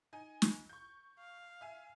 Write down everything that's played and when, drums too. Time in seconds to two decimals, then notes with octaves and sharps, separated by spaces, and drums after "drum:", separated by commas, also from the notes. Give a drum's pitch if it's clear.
0.13 D#4 G#5
0.42 drum: snare
0.69 C#6 G6
1.18 F5
1.61 E5 G#5